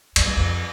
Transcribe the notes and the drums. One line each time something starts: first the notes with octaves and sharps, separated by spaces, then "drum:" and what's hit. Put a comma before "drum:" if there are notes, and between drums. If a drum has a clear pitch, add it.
F2, drum: cymbal
F#2
F2